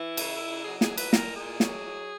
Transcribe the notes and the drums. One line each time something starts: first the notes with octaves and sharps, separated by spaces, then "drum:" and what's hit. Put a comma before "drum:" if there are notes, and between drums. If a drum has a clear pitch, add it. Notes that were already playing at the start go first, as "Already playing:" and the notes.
Already playing: E3 E4
C#3, drum: cymbal
C#3
F#3 G#4
G#4, drum: snare
F#3
B4, drum: cymbal
A#2 A#4, drum: snare
A#2 G#4
F#3, drum: snare
F#3